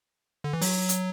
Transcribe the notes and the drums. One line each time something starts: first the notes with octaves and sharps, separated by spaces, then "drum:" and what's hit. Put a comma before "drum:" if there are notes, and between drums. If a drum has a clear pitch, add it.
D3
E3
F#3, drum: open hi-hat
drum: hi-hat